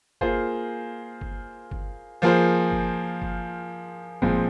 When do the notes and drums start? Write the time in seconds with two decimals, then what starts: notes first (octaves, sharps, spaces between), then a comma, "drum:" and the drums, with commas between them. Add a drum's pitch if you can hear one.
0.21 A#3 F4 G#4 C5, drum: kick G1
1.21 drum: kick G1
1.71 drum: kick G1
2.22 F3 A#3 F4 G#4 C5
2.72 drum: kick G1
3.22 drum: kick G1
4.22 A#2 F3 G#3 C4, drum: kick G1